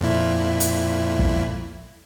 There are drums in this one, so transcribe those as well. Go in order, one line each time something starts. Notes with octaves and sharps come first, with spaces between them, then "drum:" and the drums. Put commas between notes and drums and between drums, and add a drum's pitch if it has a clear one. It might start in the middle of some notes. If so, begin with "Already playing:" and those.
F2 A#2 E4
drum: hi-hat
drum: kick